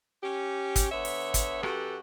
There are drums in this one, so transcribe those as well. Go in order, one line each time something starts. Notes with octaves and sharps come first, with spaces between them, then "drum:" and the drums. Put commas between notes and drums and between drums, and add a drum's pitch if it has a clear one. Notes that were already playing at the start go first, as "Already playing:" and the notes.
C#4 G4
drum: kick, hi-hat
D3 B3 C#5 E5
drum: open hi-hat
drum: kick, hi-hat
F#2 F#4 G4 A4 B4, drum: rim click